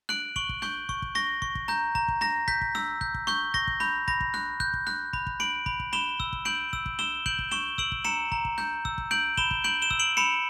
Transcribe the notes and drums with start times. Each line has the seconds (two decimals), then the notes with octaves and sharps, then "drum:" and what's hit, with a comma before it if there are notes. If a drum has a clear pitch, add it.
0.09 F#6 D7 F#7, drum: snare D4
0.36 C#6 D7 F#7, drum: kick
0.49 drum: kick
0.62 C#6 G6, drum: snare D4
0.89 C#6, drum: kick
1.02 drum: kick
1.15 C#6 A#6, drum: snare D4
1.42 C#6, drum: kick
1.55 drum: kick
1.68 A#5 G6, drum: snare D4
1.95 A#5, drum: kick
2.08 drum: kick
2.21 A#5 A#6, drum: snare D4
2.48 G6 B6, drum: kick
2.61 drum: kick
2.75 E6, drum: snare D4
3.01 G6, drum: kick
3.14 drum: kick
3.27 C#6 G6, drum: snare D4
3.54 C#6 A#6, drum: kick
3.67 drum: kick
3.80 B5 G6, drum: snare D4
4.08 B5 A#6, drum: kick
4.20 drum: kick
4.34 F#6, drum: snare D4
4.60 F#6 G6, drum: kick
4.74 drum: kick
4.87 F#6, drum: snare D4
5.13 B5, drum: kick
5.27 drum: kick
5.40 B5 D7 F#7, drum: snare D4
5.66 B5, drum: kick
5.80 drum: kick
5.93 B5 E7 G7, drum: snare D4
6.20 E6, drum: kick
6.33 drum: kick
6.45 G6 D7 F#7, drum: snare D4
6.73 E6, drum: kick
6.86 drum: kick
6.99 E6 E7 G7, drum: snare D4
7.26 G6 D7 F#7, drum: kick
7.39 drum: kick
7.51 C#6 E7 G7, drum: snare D4
7.78 E6 D7 F#7, drum: kick
7.92 drum: kick
8.05 A#5 C#7 E7, drum: snare D4
8.32 A#5, drum: kick
8.45 drum: kick
8.58 G6, drum: snare D4
8.85 E6, drum: kick
8.98 drum: kick
9.11 G6 D7 F#7, drum: snare D4
9.37 B5 E7 G7, drum: kick
9.51 drum: kick
9.64 G6 D7 F#7, drum: snare D4
9.82 E7 G7
9.91 E6, drum: kick
9.99 D7 F#7
10.17 B5 C#7 E7, drum: snare D4